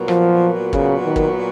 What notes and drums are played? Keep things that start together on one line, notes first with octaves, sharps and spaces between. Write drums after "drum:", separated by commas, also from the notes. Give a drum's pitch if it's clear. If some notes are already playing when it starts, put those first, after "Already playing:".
Already playing: A#2 F#3 B3 F#4 A#4
F3, drum: rim click
C#3, drum: kick
D#3
drum: kick